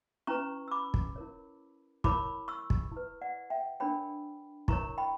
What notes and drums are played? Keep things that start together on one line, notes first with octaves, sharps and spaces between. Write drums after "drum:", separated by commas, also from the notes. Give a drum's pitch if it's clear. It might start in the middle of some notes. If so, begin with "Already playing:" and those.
C#4 E4 B4 A#5 C#6
E6
B5 D6
drum: kick
E4 A#4 C#5
E4 A#4 C#5 B5 D6, drum: kick
C#6 E6
drum: kick
E4
B4
D5 F#5
E5 G5
D4 A#4 C#5 G5 B5
E4 A#4 C#5 A#5 C#6, drum: kick
G5 B5